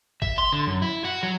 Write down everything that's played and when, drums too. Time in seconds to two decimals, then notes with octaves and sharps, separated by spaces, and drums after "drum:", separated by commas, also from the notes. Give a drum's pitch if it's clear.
0.22 E5, drum: kick
0.38 C6
0.53 D3
0.67 F#2
0.82 E4
1.05 F#4
1.23 F#3